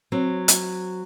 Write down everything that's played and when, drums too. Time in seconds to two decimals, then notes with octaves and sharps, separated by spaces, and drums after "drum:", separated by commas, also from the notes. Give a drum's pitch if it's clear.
0.12 F#3 C4
0.48 drum: hi-hat